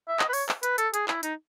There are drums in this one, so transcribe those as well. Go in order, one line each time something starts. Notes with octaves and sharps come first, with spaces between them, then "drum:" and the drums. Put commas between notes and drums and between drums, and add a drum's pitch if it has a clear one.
E5
D#5, drum: clap
B4
C#5, drum: open hi-hat
drum: clap
B4, drum: hi-hat
A4, drum: hi-hat
G#4, drum: hi-hat
E4, drum: clap
D#4, drum: hi-hat